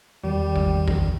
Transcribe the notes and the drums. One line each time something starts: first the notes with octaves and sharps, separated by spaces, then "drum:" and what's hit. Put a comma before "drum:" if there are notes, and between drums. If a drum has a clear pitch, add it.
E2 D#3 G3
drum: kick A1
drum: kick A1